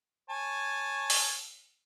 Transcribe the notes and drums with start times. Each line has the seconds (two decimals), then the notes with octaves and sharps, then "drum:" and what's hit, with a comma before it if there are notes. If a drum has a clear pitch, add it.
0.30 C#5 G#5 A5
1.10 drum: open hi-hat